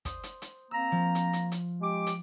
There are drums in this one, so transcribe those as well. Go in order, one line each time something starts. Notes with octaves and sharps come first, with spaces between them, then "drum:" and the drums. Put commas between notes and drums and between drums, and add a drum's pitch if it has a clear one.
C5 C6 D#6, drum: kick, hi-hat
drum: hi-hat
drum: hi-hat
A#3 C4 A#5 E6
F3
drum: hi-hat
drum: hi-hat
drum: hi-hat
G#3 G4 D6
drum: hi-hat